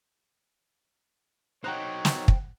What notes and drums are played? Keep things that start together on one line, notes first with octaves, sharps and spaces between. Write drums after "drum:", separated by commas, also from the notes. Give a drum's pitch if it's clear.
F#3 D#4 C5 C#5 F#5 G5 A#5 F#6
drum: snare
drum: kick